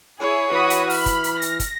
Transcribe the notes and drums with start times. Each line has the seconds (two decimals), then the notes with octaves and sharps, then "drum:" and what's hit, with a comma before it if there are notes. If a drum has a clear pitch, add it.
0.20 E4 G#4 C#5
0.52 E3 F#4 B5 D#6
0.70 drum: hi-hat
0.90 B5 F6, drum: open hi-hat
1.06 drum: kick, hi-hat
1.24 drum: hi-hat
1.42 A#6, drum: hi-hat
1.60 drum: kick, hi-hat